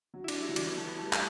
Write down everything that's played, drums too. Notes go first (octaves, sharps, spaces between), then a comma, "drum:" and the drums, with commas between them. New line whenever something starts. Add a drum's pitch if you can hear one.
F#3
E4
D4, drum: cymbal
G3
E4
F#3
E3 D4, drum: cymbal
B3
F#3 A3
B3
G3 A3
drum: clap